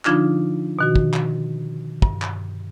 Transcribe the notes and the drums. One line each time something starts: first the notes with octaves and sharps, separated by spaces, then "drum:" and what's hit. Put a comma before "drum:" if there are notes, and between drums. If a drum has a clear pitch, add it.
D3 F3 D4 D#4 F4, drum: clap
B2 D#3 F#4
drum: kick
drum: clap
G2, drum: kick
drum: clap